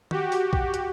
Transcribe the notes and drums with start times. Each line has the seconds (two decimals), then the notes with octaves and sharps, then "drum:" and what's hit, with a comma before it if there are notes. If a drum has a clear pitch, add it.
0.11 F#4 G4, drum: tom D#3
0.32 drum: open hi-hat
0.53 drum: kick A#1
0.74 drum: hi-hat